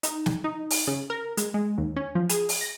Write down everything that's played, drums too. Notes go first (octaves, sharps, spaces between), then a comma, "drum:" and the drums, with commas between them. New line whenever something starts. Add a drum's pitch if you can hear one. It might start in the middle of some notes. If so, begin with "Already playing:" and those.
D#4, drum: hi-hat
drum: snare
D#4
drum: open hi-hat
C#3
A#4
G#3, drum: hi-hat
G#3
D#2
C#4
F3
G#4, drum: hi-hat
drum: open hi-hat
A#6